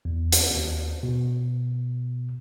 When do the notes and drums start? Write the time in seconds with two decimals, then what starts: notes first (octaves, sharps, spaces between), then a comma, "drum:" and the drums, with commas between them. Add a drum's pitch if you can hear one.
0.05 E2
0.32 drum: hi-hat
0.50 D#2
1.03 B2